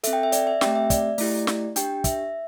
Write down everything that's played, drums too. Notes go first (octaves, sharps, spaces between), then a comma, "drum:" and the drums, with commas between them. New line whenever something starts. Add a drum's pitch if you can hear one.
C4 A4 E5, drum: hi-hat
G5
E5
D5, drum: hi-hat
E5
A3 C4 G4 G5, drum: snare
E5
D5, drum: kick, hi-hat
A3 E4 G4, drum: open hi-hat
drum: snare
D4 G4 G5, drum: hi-hat
E5, drum: kick, hi-hat